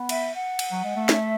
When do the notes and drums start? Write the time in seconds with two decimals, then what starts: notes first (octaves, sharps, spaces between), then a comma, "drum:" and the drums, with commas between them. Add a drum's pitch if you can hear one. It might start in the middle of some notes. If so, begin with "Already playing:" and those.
Already playing: B3
0.09 E5, drum: cymbal
0.34 F#5
0.59 drum: cymbal
0.72 F#3
0.84 G#3
0.96 A3
1.09 E5, drum: snare